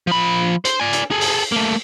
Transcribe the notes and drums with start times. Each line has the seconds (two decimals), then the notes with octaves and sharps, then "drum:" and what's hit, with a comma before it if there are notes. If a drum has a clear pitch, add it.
0.07 F3 B5
0.65 C5, drum: hi-hat
0.80 D5 G#5
0.93 drum: hi-hat
1.11 G#4 A4
1.21 drum: open hi-hat
1.52 A3 A#3